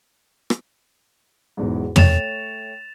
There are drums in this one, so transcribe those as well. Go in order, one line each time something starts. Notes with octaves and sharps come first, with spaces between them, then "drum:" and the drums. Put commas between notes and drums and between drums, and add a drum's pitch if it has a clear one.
drum: rim click
B1 E2 G#2
A3 C#5 G5 A6 E7 F7, drum: tom